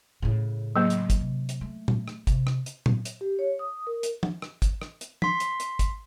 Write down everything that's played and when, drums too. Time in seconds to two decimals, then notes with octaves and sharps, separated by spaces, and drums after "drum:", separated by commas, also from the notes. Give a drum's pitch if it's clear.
0.22 A2 C#3
0.76 F#3 A#3
0.90 drum: hi-hat
1.10 drum: kick, hi-hat
1.20 C3
1.49 drum: hi-hat
1.61 A3
1.88 drum: tom A#2
2.08 drum: rim click
2.27 C3, drum: kick, hi-hat
2.47 drum: rim click
2.66 drum: hi-hat
2.86 drum: tom A#2
3.05 drum: hi-hat
3.21 G4
3.39 C#5
3.59 D#6
3.87 A#4
4.03 drum: hi-hat
4.23 drum: tom
4.42 drum: rim click
4.62 drum: kick, hi-hat
4.82 drum: rim click
5.01 drum: hi-hat
5.22 C6 B6, drum: tom
5.40 drum: hi-hat
5.60 drum: hi-hat
5.79 drum: kick, hi-hat